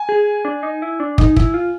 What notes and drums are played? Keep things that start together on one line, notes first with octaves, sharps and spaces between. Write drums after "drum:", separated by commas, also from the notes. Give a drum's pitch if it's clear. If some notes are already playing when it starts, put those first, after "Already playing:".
Already playing: G#5
G#4
D4
D#4
E4
D4
D#4, drum: kick
E4, drum: kick
F4